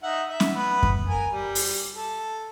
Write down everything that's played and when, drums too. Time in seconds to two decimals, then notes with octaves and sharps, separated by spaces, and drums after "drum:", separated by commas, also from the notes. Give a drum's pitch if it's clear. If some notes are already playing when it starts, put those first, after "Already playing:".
0.03 D#4 E5 F#5
0.30 E5
0.40 drum: snare C#4
0.55 B3 B4
0.83 drum: kick F#2
1.08 A#4 G#5
1.32 G3
1.55 drum: open hi-hat
1.95 A4